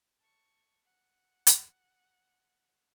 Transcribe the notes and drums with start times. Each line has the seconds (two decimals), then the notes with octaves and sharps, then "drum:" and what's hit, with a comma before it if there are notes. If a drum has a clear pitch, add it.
0.19 A5 C#6
0.84 F#5
1.47 drum: hi-hat